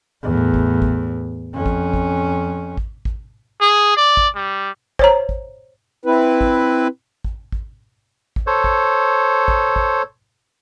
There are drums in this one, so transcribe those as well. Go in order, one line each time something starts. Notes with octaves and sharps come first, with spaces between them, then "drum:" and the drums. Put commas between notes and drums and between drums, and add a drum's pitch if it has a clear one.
E2 A2
drum: kick
drum: kick
F2 C#4
drum: kick
drum: kick
drum: kick
drum: kick
G#4
D5
drum: kick
G3
C5 C#5 A#5, drum: kick
drum: kick
C4 E4 B4
drum: kick
drum: kick
drum: kick
drum: kick
A4 C5 C#5
drum: kick
drum: kick
drum: kick